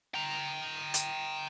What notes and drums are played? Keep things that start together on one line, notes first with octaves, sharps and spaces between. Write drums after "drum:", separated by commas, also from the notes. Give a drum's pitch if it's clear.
G5 A#5
drum: hi-hat